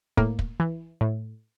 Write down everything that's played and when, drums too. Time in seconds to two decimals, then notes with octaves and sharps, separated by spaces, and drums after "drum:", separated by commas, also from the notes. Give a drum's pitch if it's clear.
0.17 A2 A#3, drum: kick
0.39 drum: kick
0.60 E3
1.01 A2